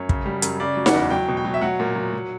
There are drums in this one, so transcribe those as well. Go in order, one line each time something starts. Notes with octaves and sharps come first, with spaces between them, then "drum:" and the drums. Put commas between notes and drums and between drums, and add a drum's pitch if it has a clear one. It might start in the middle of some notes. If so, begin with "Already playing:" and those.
Already playing: F#2 C#5
C#3, drum: kick
G3
F#2, drum: hi-hat
C#3 D5
F#3
F#5, drum: snare D#4
E2
F#3 G5
B2
G5
F#3
E5
F#3 F#5
A#2
F#3
F#3